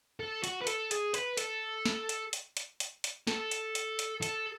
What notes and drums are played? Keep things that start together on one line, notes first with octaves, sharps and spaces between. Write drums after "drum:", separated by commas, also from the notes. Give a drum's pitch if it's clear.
A4
F#4, drum: hi-hat
B4
A4, drum: hi-hat
G#4, drum: hi-hat
B4, drum: hi-hat
A4, drum: hi-hat
drum: snare
drum: hi-hat
drum: hi-hat
drum: hi-hat
drum: hi-hat
drum: hi-hat
A4, drum: snare
drum: hi-hat
drum: hi-hat
drum: hi-hat
A4, drum: hi-hat